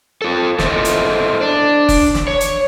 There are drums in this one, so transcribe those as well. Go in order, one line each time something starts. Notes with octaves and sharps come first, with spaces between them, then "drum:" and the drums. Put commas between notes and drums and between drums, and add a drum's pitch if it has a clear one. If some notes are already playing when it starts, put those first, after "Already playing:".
F4 A4
E4 A4 C5 D#5 E5, drum: snare
drum: hi-hat
D4
drum: kick F#1, open hi-hat
drum: snare
C#5
drum: hi-hat